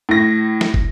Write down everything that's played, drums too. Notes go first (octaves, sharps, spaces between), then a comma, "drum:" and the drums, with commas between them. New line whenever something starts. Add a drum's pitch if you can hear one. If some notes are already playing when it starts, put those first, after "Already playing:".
A2 A#6
drum: snare
drum: kick